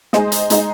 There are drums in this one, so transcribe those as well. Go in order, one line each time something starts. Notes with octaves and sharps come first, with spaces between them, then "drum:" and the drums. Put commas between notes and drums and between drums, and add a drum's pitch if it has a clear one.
G#3 D#4 G#4 C5 D#5, drum: snare
drum: hi-hat
G#3 D#4 G#4 C5 D#5, drum: hi-hat